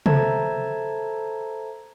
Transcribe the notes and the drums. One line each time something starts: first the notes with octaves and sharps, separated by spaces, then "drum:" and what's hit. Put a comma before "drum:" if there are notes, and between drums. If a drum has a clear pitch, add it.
A4 C5 E5 A5 A#5 G#6, drum: tom C3